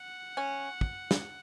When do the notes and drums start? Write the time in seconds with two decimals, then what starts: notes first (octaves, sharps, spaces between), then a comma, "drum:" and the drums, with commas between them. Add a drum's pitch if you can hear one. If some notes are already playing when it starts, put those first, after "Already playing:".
Already playing: F#5
0.37 C#4
0.81 drum: kick
1.11 drum: snare